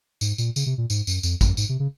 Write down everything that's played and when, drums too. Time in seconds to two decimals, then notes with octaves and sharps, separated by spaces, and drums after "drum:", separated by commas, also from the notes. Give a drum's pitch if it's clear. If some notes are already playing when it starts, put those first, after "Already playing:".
0.21 G#2, drum: tambourine
0.38 A#2, drum: tambourine
0.56 C#3, drum: tambourine
0.66 C3
0.78 A#2
0.90 G#2, drum: tambourine
1.07 F#2, drum: tambourine
1.23 F2, drum: tambourine
1.41 F#2, drum: kick G#1, tambourine
1.57 G#2, drum: tambourine
1.69 C3
1.80 C#3